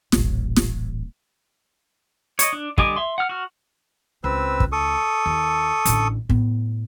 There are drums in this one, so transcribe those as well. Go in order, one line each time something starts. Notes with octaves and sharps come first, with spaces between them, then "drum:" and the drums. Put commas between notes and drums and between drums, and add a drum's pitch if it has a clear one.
D#1 A1, drum: snare
drum: snare
C#5 D#5, drum: hi-hat
D4
D3 G3 D#5 G#5 D6, drum: kick
E5 C6
F#5 F6
F#4 F6
C#2 C4 B4 E6
drum: kick
A4 C#6 D#6
D#2
A1 D3, drum: hi-hat
A2 B3, drum: kick